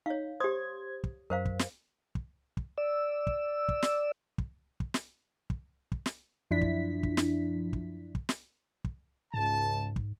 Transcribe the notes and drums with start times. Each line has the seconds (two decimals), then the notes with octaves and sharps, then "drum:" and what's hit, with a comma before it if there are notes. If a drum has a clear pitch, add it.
0.06 D#4 C#5 F5
0.40 G4 C5 D#6 G#6
1.04 drum: kick
1.30 F#2 A#4 C5 F5
1.45 drum: kick
1.59 drum: snare
2.15 drum: kick
2.57 drum: kick
2.78 D5 E6
3.27 drum: kick
3.69 drum: kick
3.82 drum: snare
4.38 drum: kick
4.80 drum: kick
4.94 drum: snare
5.50 drum: kick
5.92 drum: kick
6.06 drum: snare
6.51 F#2 F3 D4 E4 B6
6.61 drum: kick
7.03 drum: kick
7.17 drum: snare
7.73 drum: kick
8.15 drum: kick
8.29 drum: snare
8.84 drum: kick
9.34 C#2 G#2 A5
9.96 drum: kick